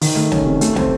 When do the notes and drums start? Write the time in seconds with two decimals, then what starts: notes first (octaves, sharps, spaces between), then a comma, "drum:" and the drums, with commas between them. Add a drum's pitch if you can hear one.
0.01 D#3, drum: open hi-hat
0.16 A3
0.32 C#4, drum: snare
0.46 C3
0.61 A3, drum: hi-hat
0.76 C4, drum: snare